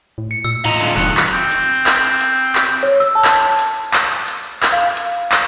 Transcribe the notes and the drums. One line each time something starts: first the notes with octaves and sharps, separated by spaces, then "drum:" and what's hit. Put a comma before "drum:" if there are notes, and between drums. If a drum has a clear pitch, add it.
A2
C#7
A#2 E6
A2 F4 D#5 A#5
G#2 D3, drum: hi-hat
E1 F#2 D#3 F#6 C#7
drum: clap
C4 G6
drum: hi-hat
drum: clap
drum: hi-hat
drum: clap
C#5
E6
A5
drum: clap
drum: hi-hat
drum: clap
drum: hi-hat
drum: clap
F5
drum: hi-hat
drum: clap